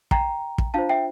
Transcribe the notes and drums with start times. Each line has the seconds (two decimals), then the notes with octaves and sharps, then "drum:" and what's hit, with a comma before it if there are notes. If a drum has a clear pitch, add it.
0.11 G5 A#5, drum: kick
0.58 drum: kick
0.74 D4 F4 C5 F5 A5
0.89 E5 G5